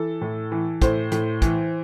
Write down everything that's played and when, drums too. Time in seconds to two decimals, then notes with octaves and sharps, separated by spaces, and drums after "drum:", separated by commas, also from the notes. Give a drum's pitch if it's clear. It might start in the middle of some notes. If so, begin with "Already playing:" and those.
Already playing: E3 A4
0.21 A2
0.52 E3
0.82 A2 C5, drum: kick, hi-hat
1.12 A2, drum: hi-hat
1.42 E3, drum: kick, hi-hat